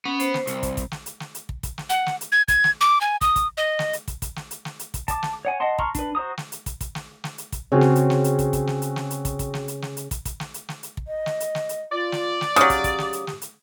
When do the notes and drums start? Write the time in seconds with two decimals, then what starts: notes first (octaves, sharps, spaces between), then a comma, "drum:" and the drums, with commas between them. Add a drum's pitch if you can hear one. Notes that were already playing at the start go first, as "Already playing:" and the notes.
0.05 B3 C#4
0.20 C5, drum: hi-hat
0.34 drum: snare
0.47 C2, drum: hi-hat
0.63 drum: kick, hi-hat
0.77 drum: kick, hi-hat
0.91 drum: snare
1.06 drum: hi-hat
1.20 drum: snare
1.35 drum: hi-hat
1.49 drum: kick
1.63 drum: kick, hi-hat
1.78 drum: snare
1.90 F#5, drum: hi-hat
2.06 drum: snare
2.21 drum: hi-hat
2.32 G#6
2.48 G#6, drum: kick, hi-hat
2.64 drum: snare
2.81 D6
3.01 G#5
3.21 D#6, drum: kick, hi-hat
3.36 drum: kick, hi-hat
3.57 D#5
3.79 drum: snare
3.93 drum: hi-hat
4.08 drum: kick, hi-hat
4.22 drum: kick, hi-hat
4.36 drum: snare
4.51 drum: hi-hat
4.65 drum: snare
4.79 drum: hi-hat
4.94 drum: kick, hi-hat
5.08 A5 D6, drum: kick, hi-hat
5.23 drum: snare
5.45 C#5 F#5 G#5
5.60 D#5 F#5 A5 C6
5.79 A5 A#5 C6 C#6 F6, drum: kick
5.95 D4 B4, drum: kick, hi-hat
6.15 F#4 C5 A#5 D#6
6.37 drum: snare
6.52 drum: hi-hat
6.66 drum: kick, hi-hat
6.81 drum: kick, hi-hat
6.95 drum: snare
7.24 drum: snare
7.38 drum: hi-hat
7.52 drum: kick, hi-hat
7.72 C#3 C4 F#4 G#4
7.81 drum: snare
7.96 drum: hi-hat
8.10 drum: snare
8.24 drum: hi-hat
8.39 drum: kick, hi-hat
8.53 drum: kick, hi-hat
8.67 drum: snare
8.82 drum: hi-hat
8.96 drum: snare
9.10 drum: hi-hat
9.25 drum: kick, hi-hat
9.39 drum: kick, hi-hat
9.54 drum: snare
9.68 drum: hi-hat
9.82 drum: snare
9.97 drum: hi-hat
10.11 drum: kick, hi-hat
10.25 drum: kick, hi-hat
10.40 drum: snare
10.54 drum: hi-hat
10.69 drum: snare
10.83 drum: hi-hat
10.97 drum: kick
11.08 D#5
11.26 drum: snare
11.40 drum: hi-hat
11.55 drum: snare
11.69 drum: hi-hat
11.92 F4 D5
12.12 drum: snare
12.41 drum: snare
12.56 C#3 F#3 G4 D#6, drum: hi-hat
12.70 drum: kick, hi-hat
12.84 drum: kick, hi-hat
12.98 drum: snare
13.13 drum: hi-hat
13.27 drum: snare
13.42 drum: hi-hat